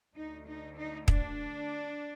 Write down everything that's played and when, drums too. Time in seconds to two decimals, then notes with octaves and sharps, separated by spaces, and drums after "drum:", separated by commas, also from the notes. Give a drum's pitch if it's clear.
0.15 D2 D3 D#4
0.47 D#4
0.76 D#4
1.08 D4, drum: kick